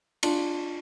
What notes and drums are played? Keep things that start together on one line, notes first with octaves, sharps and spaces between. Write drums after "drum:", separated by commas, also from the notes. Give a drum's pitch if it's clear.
D4 F4, drum: cymbal